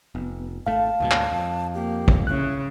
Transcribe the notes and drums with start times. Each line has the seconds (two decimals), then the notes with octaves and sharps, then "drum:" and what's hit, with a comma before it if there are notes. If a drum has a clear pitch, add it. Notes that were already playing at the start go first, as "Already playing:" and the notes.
0.15 F1 B3
0.66 G#1 A3 F5 A5
1.00 D2 G#2 B2
1.11 drum: clap
1.32 F2
1.74 A#3 G4
2.08 drum: kick
2.27 C#3 E4 F#6